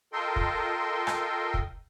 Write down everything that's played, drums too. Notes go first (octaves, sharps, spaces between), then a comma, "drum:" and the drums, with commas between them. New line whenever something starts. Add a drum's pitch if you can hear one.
F4 A4 A#4 D#5 G5 C6
drum: kick
drum: rim click
drum: kick